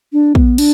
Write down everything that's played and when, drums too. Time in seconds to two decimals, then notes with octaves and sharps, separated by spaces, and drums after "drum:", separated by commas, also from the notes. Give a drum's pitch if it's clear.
0.13 D4
0.35 B3, drum: kick
0.58 D4, drum: cymbal